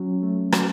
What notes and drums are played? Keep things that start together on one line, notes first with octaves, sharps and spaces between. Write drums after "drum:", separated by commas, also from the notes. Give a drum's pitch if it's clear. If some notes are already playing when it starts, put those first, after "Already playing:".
Already playing: F#3 C#4 F#4
A3
F#4, drum: rim click